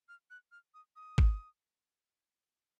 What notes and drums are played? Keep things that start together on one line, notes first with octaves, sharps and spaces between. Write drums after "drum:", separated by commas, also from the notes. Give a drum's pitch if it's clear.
F6
F#6
F6
D#6
D#6
drum: kick